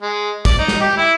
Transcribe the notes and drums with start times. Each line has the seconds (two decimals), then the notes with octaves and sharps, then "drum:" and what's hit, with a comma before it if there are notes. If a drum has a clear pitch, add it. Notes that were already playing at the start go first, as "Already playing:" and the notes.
0.01 G#3
0.45 D5, drum: kick, tambourine
0.59 D#4
0.68 drum: snare
0.80 G4
0.97 E4